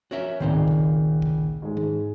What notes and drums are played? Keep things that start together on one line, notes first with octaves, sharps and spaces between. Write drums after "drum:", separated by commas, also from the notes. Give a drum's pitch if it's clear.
C#4 F#4 A#4 E5
C#2 A#2 D#3 C4 D#4
drum: kick
drum: kick
G#2 G#3
drum: tom D#3